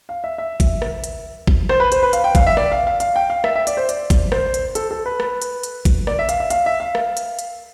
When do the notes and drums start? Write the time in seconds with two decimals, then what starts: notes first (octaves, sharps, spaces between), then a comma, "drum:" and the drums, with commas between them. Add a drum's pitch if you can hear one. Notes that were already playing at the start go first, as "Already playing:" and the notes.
0.09 F5
0.24 E5
0.38 E5
0.60 drum: kick, hi-hat
0.82 drum: rim click
1.04 drum: hi-hat
1.47 drum: kick
1.69 C5, drum: rim click
1.80 B4
1.92 C5, drum: hi-hat
2.03 B4
2.13 F5, drum: hi-hat
2.24 G5
2.35 F5, drum: kick, hi-hat
2.47 E5
2.57 D5, drum: rim click
2.72 F5
2.87 F5
3.00 F5, drum: hi-hat
3.16 G5
3.30 F5
3.44 E5, drum: rim click
3.55 E5
3.67 D5, drum: hi-hat
3.77 C5
3.89 D5, drum: hi-hat
4.10 drum: kick, hi-hat
4.32 C5, drum: rim click
4.54 drum: hi-hat
4.75 A4, drum: hi-hat
4.91 A4
5.06 B4
5.20 drum: rim click
5.42 drum: hi-hat
5.63 drum: hi-hat
5.85 drum: kick, hi-hat
6.07 D5, drum: rim click
6.19 E5
6.29 F5, drum: hi-hat
6.40 E5
6.50 F5, drum: hi-hat
6.66 E5
6.80 F5
6.95 drum: rim click
7.17 drum: hi-hat
7.39 drum: hi-hat